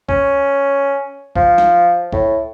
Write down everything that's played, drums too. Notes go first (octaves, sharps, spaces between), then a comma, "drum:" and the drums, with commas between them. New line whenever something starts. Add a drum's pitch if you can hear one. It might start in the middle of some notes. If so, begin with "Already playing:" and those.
C#4, drum: kick
F3, drum: kick
drum: snare
A2, drum: kick